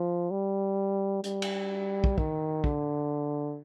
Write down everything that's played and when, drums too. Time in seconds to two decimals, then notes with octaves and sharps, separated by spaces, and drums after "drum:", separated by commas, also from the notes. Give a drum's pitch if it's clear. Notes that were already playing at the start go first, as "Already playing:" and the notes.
Already playing: F3
0.31 G3
1.24 G3, drum: hi-hat
1.42 drum: cymbal
2.04 drum: kick
2.18 D#3, drum: kick
2.64 D3, drum: kick